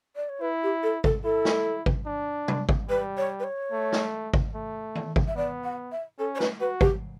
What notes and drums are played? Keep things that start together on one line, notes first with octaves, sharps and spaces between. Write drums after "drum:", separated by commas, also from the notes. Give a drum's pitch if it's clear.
D5
C#5
E4 B4
G4
A4
A4, drum: kick G#1
E4 A4
drum: snare
drum: kick G#1
D4
drum: tom C3
drum: kick G#1
G3 B4
C#5
B4
C#5
A3
drum: snare
drum: kick G#1
A3
drum: tom D#3
drum: kick G#1
E5
B3 D5
F#5
E5
C#4 A4
C#5
B4, drum: snare
F#4 B4
G4, drum: kick G#1